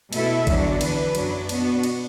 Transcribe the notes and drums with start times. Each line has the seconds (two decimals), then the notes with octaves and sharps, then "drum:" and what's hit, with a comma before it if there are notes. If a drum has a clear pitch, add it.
0.13 B2 A3 E4 A4 E5, drum: cymbal
0.47 E2 D3 F#3 D4, drum: kick A1, cymbal
0.81 E3 D4 B4, drum: cymbal
1.15 F#2 F#3 D4, drum: cymbal
1.49 B2 B3 D4 F#4, drum: cymbal
1.83 drum: cymbal